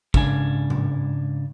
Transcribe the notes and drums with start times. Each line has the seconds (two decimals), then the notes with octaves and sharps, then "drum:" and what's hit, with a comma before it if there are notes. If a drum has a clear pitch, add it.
0.14 G#2 C#3 D4 G#5, drum: kick
0.70 drum: tom A2